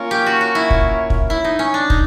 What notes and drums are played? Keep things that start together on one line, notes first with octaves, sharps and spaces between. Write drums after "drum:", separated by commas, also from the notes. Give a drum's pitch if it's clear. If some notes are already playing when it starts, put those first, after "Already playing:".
Already playing: A#3 C#4 F4 A#4 C#5
G4
F#4
F#4
E4
drum: kick
drum: kick
E4
D#4
C#4
D4
D#4, drum: kick